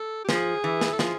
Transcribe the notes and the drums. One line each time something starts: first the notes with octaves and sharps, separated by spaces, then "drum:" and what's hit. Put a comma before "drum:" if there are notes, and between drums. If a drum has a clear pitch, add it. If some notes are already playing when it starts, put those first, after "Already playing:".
Already playing: A4
G4
F3 G#4, drum: snare
E3
drum: snare
A4
F3 G#4, drum: snare